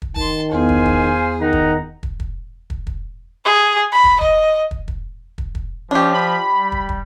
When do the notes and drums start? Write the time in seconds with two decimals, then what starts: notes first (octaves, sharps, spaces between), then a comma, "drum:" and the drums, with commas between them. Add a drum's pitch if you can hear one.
0.02 drum: kick
0.16 D#3 A5 C6, drum: kick
0.52 E2 B3 G#4 C5 F5 G#5
0.69 drum: kick
0.86 drum: kick
1.41 D#3 D#4 F#5 A#5
1.53 drum: kick
2.03 drum: kick
2.20 drum: kick
2.70 drum: kick
2.87 drum: kick
3.45 G#4
3.92 B5
4.04 drum: kick
4.21 D#5, drum: kick
4.71 drum: kick
4.88 drum: kick
5.38 drum: kick
5.55 drum: kick
5.91 F3 C#4 D4 G4
6.14 B5
6.54 G3
6.72 drum: kick
6.89 drum: kick